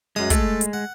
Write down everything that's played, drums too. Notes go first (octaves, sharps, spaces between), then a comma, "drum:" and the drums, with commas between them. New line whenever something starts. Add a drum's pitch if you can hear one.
F#2 G#3 D#6
A3 A4, drum: kick, hi-hat
drum: hi-hat
F#5